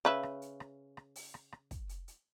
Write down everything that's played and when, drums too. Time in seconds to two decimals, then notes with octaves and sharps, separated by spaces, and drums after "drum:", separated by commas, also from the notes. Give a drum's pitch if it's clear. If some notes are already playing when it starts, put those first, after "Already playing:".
0.05 C#3 B4 E5
0.23 drum: rim click
0.42 drum: hi-hat
0.60 drum: rim click
0.97 drum: rim click
1.16 drum: open hi-hat
1.34 drum: rim click
1.52 drum: rim click
1.71 drum: kick, hi-hat
1.89 drum: hi-hat
2.08 drum: hi-hat